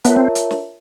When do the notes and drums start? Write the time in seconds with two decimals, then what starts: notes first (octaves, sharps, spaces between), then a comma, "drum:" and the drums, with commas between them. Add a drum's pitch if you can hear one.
0.04 B3 F4 A#4 C#5 E5 A5, drum: hi-hat
0.16 C4
0.35 drum: hi-hat
0.51 drum: snare